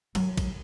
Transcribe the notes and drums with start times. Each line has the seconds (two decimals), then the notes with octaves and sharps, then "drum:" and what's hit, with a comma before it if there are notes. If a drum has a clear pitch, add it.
0.15 F#3, drum: cymbal
0.37 drum: kick, cymbal